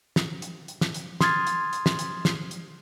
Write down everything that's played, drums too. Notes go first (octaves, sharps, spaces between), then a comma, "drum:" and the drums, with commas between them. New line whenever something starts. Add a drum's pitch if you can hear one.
drum: snare
drum: hi-hat
drum: hi-hat
drum: snare
drum: hi-hat
C6 D#6 F6 G#6 A6, drum: snare
drum: hi-hat
drum: hi-hat
drum: snare
drum: hi-hat
drum: snare
drum: hi-hat